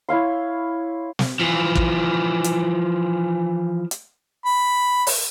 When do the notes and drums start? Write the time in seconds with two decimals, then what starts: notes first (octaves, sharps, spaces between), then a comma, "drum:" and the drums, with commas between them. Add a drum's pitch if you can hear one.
0.09 E4 C#5 F5 C6
1.19 drum: snare
1.40 E3 F3
1.75 drum: kick
2.44 drum: hi-hat
3.91 drum: hi-hat
4.45 B5
5.07 drum: open hi-hat